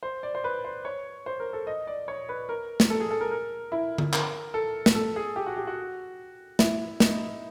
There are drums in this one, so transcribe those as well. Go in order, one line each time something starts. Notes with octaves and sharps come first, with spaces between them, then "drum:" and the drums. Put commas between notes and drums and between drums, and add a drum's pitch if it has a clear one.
C5
D5
C5
B4
C5
C#5
C5
A#4
A4
D#5
D5
C#5
B4
A#4
drum: snare
A4
G#4
A4
A#4
A#4
E4
drum: tom D3
A#4, drum: clap
A4
drum: snare
A4
G#4
G4
F#4
G4
F#4
E4, drum: snare
D#4, drum: snare